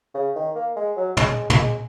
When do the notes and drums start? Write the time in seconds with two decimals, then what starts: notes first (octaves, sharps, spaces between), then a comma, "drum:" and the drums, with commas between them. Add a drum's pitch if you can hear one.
0.15 C#3
0.36 D#3
0.55 A#3
0.76 G#3
0.97 F#3
1.17 G#3, drum: tom
1.50 A#3, drum: tom
1.58 G#3